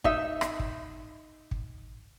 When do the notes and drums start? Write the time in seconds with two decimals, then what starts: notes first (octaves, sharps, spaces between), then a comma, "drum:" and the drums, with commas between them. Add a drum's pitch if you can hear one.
0.04 D#4 E5, drum: kick
0.41 drum: rim click
0.59 drum: kick
1.51 drum: kick